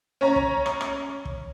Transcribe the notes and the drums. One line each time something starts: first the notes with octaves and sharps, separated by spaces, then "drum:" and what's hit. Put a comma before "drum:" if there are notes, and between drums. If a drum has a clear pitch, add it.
C#4 C#5 A#5
drum: kick
drum: rim click
drum: rim click
drum: kick